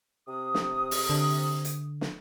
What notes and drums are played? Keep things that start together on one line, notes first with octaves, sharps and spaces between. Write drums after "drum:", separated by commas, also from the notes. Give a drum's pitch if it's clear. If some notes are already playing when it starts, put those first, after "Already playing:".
C3 D#6
drum: snare
drum: open hi-hat
D3
drum: hi-hat
drum: snare